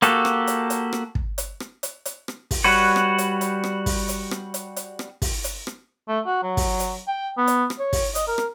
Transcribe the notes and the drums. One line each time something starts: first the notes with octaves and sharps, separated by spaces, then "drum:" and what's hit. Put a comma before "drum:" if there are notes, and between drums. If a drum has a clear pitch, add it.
A#3 F#4 G4 A4, drum: hi-hat
drum: rim click
drum: hi-hat
drum: hi-hat
drum: rim click
drum: kick
drum: hi-hat
drum: rim click
drum: hi-hat
drum: hi-hat
drum: rim click
drum: kick, open hi-hat
G3 F#4 B4 C#5
drum: rim click
drum: hi-hat
drum: hi-hat
drum: rim click
drum: kick, open hi-hat
drum: hi-hat
drum: rim click
drum: hi-hat
drum: hi-hat
drum: rim click
drum: kick, open hi-hat
drum: hi-hat
drum: rim click
A3
F#4
F#3
drum: kick, open hi-hat
drum: hi-hat
G5
B3
drum: hi-hat
drum: rim click
C#5
drum: kick, open hi-hat
D#5, drum: hi-hat
A#4
drum: rim click